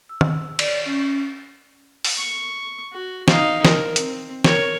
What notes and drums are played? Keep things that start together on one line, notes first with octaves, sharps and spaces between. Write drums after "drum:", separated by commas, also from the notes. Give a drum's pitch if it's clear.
E6
drum: tom D#3
D5, drum: cymbal
C#4
drum: open hi-hat
C#6
F#4
D#4 F5, drum: snare
A#4, drum: snare
C4, drum: hi-hat
A#4 C#5, drum: snare